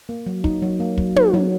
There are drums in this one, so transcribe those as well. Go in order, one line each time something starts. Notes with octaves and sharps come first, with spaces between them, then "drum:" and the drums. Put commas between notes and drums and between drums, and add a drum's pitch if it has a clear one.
A#3
F#3
D#4, drum: kick
F#3
A#3
F#3, drum: kick
D#4, drum: tom
F#3